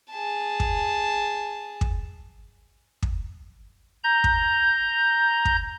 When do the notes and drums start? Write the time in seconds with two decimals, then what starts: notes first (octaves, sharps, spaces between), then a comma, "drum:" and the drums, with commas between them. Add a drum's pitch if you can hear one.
0.11 G#4 A5
0.60 drum: kick
1.81 drum: kick
3.03 drum: kick
4.04 A#5 G6
4.24 drum: kick
5.45 drum: kick